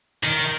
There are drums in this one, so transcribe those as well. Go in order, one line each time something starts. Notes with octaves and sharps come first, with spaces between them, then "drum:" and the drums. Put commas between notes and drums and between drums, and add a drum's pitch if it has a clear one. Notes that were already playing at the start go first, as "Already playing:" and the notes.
D#3, drum: hi-hat